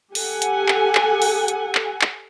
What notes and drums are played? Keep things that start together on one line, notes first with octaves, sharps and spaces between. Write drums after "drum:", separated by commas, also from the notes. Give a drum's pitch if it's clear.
G4 A4 F#5 G#5, drum: open hi-hat
drum: hi-hat
drum: clap
drum: clap
drum: open hi-hat
drum: hi-hat
drum: clap
drum: clap